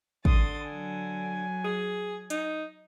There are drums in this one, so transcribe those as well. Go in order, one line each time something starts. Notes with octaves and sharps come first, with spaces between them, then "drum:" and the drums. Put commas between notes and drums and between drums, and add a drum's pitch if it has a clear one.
D3 C6 D#6 A6, drum: kick
F#3 G#5
G#4
D#4, drum: hi-hat